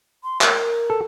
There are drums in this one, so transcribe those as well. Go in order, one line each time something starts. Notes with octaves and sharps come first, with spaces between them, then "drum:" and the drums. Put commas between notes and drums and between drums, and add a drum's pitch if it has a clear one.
C6
A#4, drum: clap
A4